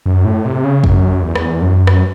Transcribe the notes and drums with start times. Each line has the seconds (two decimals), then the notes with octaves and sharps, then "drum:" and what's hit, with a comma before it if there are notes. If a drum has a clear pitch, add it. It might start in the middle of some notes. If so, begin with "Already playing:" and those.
0.06 F#2
0.25 A2
0.45 C3
0.64 C#3
0.84 F#2, drum: kick
1.22 E2
1.35 drum: rim click
1.62 F#2
1.87 drum: rim click